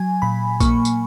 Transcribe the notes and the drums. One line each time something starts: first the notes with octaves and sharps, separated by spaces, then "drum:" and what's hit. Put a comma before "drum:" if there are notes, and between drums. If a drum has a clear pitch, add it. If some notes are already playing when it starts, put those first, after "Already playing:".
Already playing: F#3 G#5
A#2 B5
A#3 C#6, drum: kick A#1, tambourine
drum: tambourine